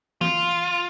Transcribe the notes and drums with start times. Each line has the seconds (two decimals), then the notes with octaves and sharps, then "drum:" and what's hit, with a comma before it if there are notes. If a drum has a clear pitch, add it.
0.21 F4, drum: tom E3